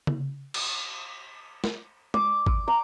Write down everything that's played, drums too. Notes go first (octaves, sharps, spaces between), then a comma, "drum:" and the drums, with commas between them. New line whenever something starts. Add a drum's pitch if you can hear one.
drum: tom C#3
drum: cymbal
drum: snare
D6, drum: tom G#3
drum: kick
A#5 D6